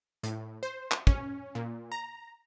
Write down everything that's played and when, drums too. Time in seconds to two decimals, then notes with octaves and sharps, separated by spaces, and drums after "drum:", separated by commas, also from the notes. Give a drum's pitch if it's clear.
0.23 A2, drum: hi-hat
0.63 C5
0.91 drum: clap
1.07 C#4, drum: kick
1.55 A#2
1.92 A#5